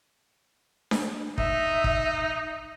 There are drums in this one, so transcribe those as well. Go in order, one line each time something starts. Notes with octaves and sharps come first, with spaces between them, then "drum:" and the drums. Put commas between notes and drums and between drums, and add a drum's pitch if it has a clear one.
drum: snare D4
D#4 E5, drum: kick
drum: kick